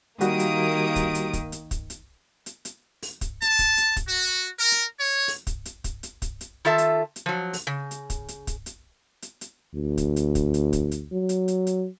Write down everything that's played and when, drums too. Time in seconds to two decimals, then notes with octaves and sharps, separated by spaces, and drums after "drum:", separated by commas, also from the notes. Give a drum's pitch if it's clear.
0.21 D#3 G3 A#3 F#4 G4 D#6 D7, drum: hi-hat
0.39 drum: hi-hat
0.96 drum: kick, hi-hat
1.15 drum: hi-hat
1.33 drum: kick, hi-hat
1.52 drum: hi-hat
1.71 drum: kick, hi-hat
1.90 drum: hi-hat
2.46 drum: hi-hat
2.65 drum: hi-hat
3.02 drum: open hi-hat
3.21 drum: kick, hi-hat
3.42 A5, drum: hi-hat
3.59 drum: kick, hi-hat
3.78 drum: hi-hat
3.96 drum: kick, hi-hat
4.07 F#4
4.58 A#4
4.72 drum: hi-hat
4.98 C#5
5.28 drum: open hi-hat
5.47 drum: kick, hi-hat
5.65 drum: hi-hat
5.84 drum: kick, hi-hat
6.03 drum: hi-hat
6.22 drum: kick, hi-hat
6.41 drum: hi-hat
6.65 D#3 F4 A4 E5 A5
6.78 drum: hi-hat
7.16 drum: hi-hat
7.26 F3 F#3
7.53 drum: open hi-hat
7.67 C#3
7.91 drum: hi-hat
8.10 drum: kick, hi-hat
8.28 drum: hi-hat
8.47 drum: kick, hi-hat
8.66 drum: hi-hat
9.22 drum: hi-hat
9.41 drum: hi-hat
9.75 D2
9.98 drum: kick, hi-hat
10.16 drum: hi-hat
10.35 drum: kick, hi-hat
10.54 drum: hi-hat
10.73 drum: kick, hi-hat
10.91 drum: hi-hat
11.13 F#3
11.29 drum: hi-hat
11.48 drum: hi-hat
11.67 drum: hi-hat